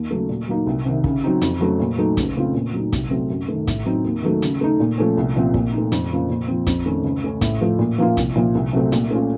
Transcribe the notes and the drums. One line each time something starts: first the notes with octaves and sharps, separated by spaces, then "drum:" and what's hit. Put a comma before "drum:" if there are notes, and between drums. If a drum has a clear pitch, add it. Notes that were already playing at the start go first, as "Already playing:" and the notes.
Already playing: D#2
C#3 F#3 A3
A#2
F#3 A#3 D#4
C2
C3 D#3
C#3, drum: kick
F#3 C4 D#4
F2, drum: hi-hat
C#3 F#3 A3
A#2
F#3 A3 D#4
C#2, drum: kick, hi-hat
C#3 A3 C4 F4
A#2
F#3 A3 D#4
C2, drum: kick, hi-hat
C3 F#3 A3 C4
F#2
D#3 A3
A2, drum: kick, hi-hat
F#3 C4 D#4
D#2
D#3 F#3 A3
C#3, drum: hi-hat
A3 D#4
A#2
F3 A3 C#4
C2
A#2 F3 C4
A#2, drum: kick
D#4
A3
F2, drum: hi-hat
C#3 F3 A#3
A#2
F3 C4
F2, drum: kick, hi-hat
D#3 A3 C#4
C#2
C#3 A3 C#4
A2, drum: kick, hi-hat
F3 A3
A#2
F3 A#3 F4
C2, drum: kick, hi-hat
A#2 F3
C2
C3 F#3 A3 C4
A#2, drum: hi-hat
A3 C#4 F4